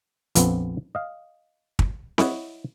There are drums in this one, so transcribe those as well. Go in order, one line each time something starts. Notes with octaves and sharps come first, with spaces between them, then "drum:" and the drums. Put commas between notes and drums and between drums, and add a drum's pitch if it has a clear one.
A#1 F2 F3 B3 C4, drum: hi-hat
D#5 F5
drum: kick
E4 C#5 D#5 F#5, drum: snare C4